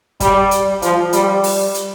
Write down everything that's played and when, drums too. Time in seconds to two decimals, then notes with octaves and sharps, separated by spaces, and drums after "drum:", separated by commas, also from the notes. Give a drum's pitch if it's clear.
0.20 G3, drum: kick, hi-hat
0.51 drum: hi-hat
0.82 F3, drum: hi-hat
1.13 G3, drum: hi-hat
1.44 drum: open hi-hat
1.74 drum: hi-hat